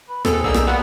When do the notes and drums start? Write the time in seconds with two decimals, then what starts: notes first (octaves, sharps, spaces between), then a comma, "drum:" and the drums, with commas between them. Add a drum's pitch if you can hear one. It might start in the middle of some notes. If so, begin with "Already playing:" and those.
0.08 B4
0.25 D#2 B2 C4 G#4 A4, drum: rim click
0.44 B1 D3 A#3 D#4 E6
0.54 drum: rim click
0.67 G3 A#3 B3 F4 F#5